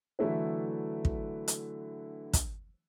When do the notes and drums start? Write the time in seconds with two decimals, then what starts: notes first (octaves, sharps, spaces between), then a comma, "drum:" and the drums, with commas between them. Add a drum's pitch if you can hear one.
0.19 D3 E3 F#3 A3 E4 B4
1.05 drum: kick
1.48 drum: hi-hat
2.33 drum: kick, hi-hat